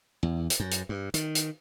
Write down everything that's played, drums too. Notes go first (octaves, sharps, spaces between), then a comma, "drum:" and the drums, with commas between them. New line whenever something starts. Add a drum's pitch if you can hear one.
E2
drum: hi-hat
F#2
drum: hi-hat
G2
D#3, drum: hi-hat
drum: hi-hat